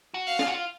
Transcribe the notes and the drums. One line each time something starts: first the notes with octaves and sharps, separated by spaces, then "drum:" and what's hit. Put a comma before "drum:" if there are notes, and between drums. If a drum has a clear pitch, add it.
F#4
F5
F4, drum: snare
F#4
F4